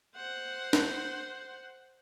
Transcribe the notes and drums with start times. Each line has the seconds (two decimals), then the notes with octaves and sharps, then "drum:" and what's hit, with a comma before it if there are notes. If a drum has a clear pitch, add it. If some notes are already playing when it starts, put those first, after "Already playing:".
0.15 C5 F#5
0.73 drum: snare